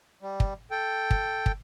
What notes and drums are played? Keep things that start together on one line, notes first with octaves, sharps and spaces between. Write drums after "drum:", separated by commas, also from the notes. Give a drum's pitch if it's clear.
G3
drum: kick
A4 G5
drum: kick
drum: kick